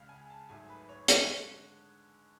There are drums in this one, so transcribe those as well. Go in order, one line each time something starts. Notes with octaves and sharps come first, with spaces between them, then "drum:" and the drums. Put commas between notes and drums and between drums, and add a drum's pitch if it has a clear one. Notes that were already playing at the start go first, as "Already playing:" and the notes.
Already playing: C#2 C#3 G#3 F5
G#5
A5
G#1 G#2 F#3 A3 G#5
B4
C#5
D3 G#3 C#5, drum: hi-hat